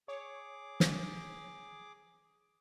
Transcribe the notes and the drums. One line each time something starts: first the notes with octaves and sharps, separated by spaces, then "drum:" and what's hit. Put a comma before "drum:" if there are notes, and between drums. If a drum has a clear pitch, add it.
G#4 C#5 D6
drum: snare